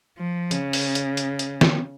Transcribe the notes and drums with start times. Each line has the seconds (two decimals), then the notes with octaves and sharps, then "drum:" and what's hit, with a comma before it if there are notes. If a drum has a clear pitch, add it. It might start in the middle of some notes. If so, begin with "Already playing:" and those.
0.18 F3
0.51 C#3, drum: hi-hat
0.73 drum: open hi-hat
0.95 drum: hi-hat
1.17 drum: hi-hat
1.39 drum: hi-hat
1.61 drum: snare